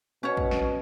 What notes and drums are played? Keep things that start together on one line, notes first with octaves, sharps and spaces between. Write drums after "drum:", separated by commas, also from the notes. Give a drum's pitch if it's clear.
B2 C#4 C#5
drum: kick
drum: snare